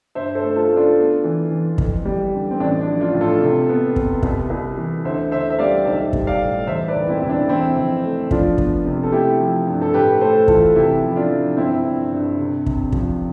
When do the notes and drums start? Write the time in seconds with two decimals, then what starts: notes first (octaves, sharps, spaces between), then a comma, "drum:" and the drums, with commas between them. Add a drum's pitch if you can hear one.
0.15 G2 C5 E5
0.35 A4 C5
0.43 A3
0.56 F4 A4
0.69 A3
0.76 D4 F4
0.97 B3
1.24 E3
1.51 E3
1.78 F2, drum: kick
2.05 G3
2.34 D3
2.51 C4
2.60 A1 D4
2.81 D4
2.87 F3
3.01 D4 F4
3.14 A2
3.21 F4 A4
3.41 C3
3.69 B3
3.96 B3, drum: kick
4.23 C2, drum: kick
4.50 C2
4.78 E3
5.05 D2 C5 E5
5.31 D2 C5 E5
5.50 E5
5.59 G3 D5 F5
5.86 B1 C5 E5
6.13 G3, drum: kick
6.27 D5 F5
6.41 A2
6.67 E2 C5 E5
6.88 B4 D5
6.95 E1
7.08 C4 E4
7.23 E2 E4
7.30 D4
7.49 E3 C4 E4
7.76 F2
8.03 A3
8.31 F3 D4 F4, drum: kick
8.58 B3, drum: kick
8.86 C3
9.03 A4
9.12 A3 E4 G4
9.40 F3
9.67 G2
9.82 A4
9.94 A2 G4 B4
10.21 A3 A4 C5
10.48 E3 F4 A4, drum: kick
10.76 C3 E4 G4
11.03 F3
11.12 E4
11.16 D4 F4
11.30 F3
11.57 G1 C4 E4
11.84 G2
12.12 G2
12.38 C3
12.66 C3, drum: kick
12.92 F3, drum: kick